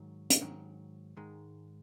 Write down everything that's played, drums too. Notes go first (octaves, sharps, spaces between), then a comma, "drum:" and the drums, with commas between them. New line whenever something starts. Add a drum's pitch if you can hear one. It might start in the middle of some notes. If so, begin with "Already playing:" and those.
Already playing: G#2 D#3 F#3
drum: hi-hat
G#2 D#3 F#3
G#2 D#3 G#3